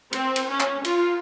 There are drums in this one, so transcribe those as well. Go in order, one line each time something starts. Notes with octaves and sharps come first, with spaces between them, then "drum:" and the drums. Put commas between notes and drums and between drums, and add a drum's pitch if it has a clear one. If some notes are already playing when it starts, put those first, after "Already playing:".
C4, drum: cymbal
drum: cymbal
C#4
drum: clap
F4, drum: cymbal